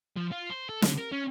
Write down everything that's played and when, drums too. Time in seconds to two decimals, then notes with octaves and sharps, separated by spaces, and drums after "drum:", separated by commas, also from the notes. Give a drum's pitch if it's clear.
0.17 F3
0.32 F4
0.50 C5
0.69 A4
0.82 D3, drum: snare
0.98 A#4
1.12 C#4